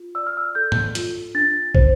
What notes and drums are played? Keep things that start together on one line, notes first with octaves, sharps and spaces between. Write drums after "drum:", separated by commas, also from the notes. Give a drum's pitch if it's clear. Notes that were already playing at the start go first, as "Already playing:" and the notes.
Already playing: F4
D5 E6
F6
E6
A4 G6
drum: tom
F4, drum: hi-hat
D4 A6
C5, drum: kick